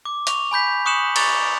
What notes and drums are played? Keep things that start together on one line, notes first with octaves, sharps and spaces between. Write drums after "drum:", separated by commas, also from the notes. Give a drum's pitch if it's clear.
D6
C#6 F7, drum: hi-hat
G#5 B5 G6 B6
C#6 D#6 F#6 C#7 E7 F#7
A#5 C#6 D6 A6 F7, drum: cymbal